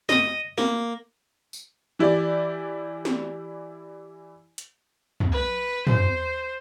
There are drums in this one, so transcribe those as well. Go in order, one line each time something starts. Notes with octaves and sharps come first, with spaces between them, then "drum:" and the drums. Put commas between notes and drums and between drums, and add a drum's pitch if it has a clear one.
D#5 D#6, drum: snare
A#3, drum: snare
drum: tambourine
E3 E4 G4 D5
drum: snare
drum: hi-hat
drum: tom
B4
C5, drum: tom